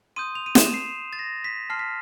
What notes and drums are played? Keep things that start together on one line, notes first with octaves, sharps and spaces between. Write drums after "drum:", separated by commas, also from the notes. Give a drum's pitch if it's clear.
C6 D#6 G6 D#7
F7
D#7
E7, drum: snare
C7
A6
A#6
B6
A5 C6 F6 C7
B6